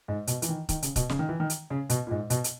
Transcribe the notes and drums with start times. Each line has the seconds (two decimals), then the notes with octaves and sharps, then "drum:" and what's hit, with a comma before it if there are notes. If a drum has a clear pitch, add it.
0.08 G#2
0.27 B2, drum: hi-hat
0.42 E3, drum: hi-hat
0.49 D#3
0.69 D#3, drum: kick C#1, hi-hat
0.82 C#3, drum: hi-hat
0.96 B2, drum: kick C#1, hi-hat
1.09 C#3, drum: snare
1.19 D#3
1.29 E3
1.40 D#3
1.50 drum: hi-hat
1.70 C#3
1.90 B2, drum: hi-hat
2.07 A#2
2.11 G#2
2.30 B2, drum: hi-hat
2.44 drum: hi-hat